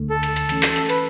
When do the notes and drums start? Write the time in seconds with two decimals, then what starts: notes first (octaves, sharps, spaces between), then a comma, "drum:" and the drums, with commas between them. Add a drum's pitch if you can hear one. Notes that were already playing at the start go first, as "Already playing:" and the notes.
Already playing: D2 D3 A3
0.10 A4
0.23 drum: hi-hat
0.36 drum: hi-hat
0.49 E3 A3 C#4, drum: hi-hat
0.63 drum: clap
0.76 drum: hi-hat
0.89 B4, drum: hi-hat